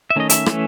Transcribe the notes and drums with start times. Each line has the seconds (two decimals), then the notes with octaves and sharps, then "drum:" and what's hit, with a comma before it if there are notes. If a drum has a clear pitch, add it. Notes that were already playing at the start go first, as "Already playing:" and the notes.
0.10 E5
0.16 D#3 A3 C#4 D#5
0.30 E5, drum: hi-hat
0.46 E3 A3 C#4, drum: rim click